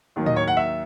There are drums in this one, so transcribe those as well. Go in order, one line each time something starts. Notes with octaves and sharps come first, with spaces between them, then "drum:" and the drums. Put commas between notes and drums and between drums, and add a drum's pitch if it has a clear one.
D#2 D#3 F#3
D#5, drum: tom A2
C#5
F#5
E5